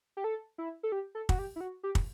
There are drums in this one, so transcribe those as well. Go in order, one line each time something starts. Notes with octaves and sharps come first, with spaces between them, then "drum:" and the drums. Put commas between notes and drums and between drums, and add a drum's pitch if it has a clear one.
G4
A4
E4
A4
G4
A4
F#4, drum: kick
G4
E4
F#4
G4
drum: kick